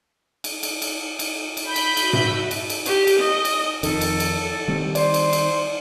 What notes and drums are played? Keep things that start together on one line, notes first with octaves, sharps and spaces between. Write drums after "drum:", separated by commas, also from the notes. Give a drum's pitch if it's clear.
drum: cymbal
drum: cymbal
drum: cymbal
drum: cymbal
drum: cymbal
B5 G6
drum: cymbal
F#4 E5, drum: cymbal
drum: tom G#2
drum: cymbal
drum: cymbal
G4, drum: cymbal
drum: cymbal
D#5
drum: cymbal
F2 D#3 A4, drum: cymbal
drum: cymbal
drum: cymbal
D#3 G3 C4
C5 D5, drum: cymbal
drum: cymbal
drum: cymbal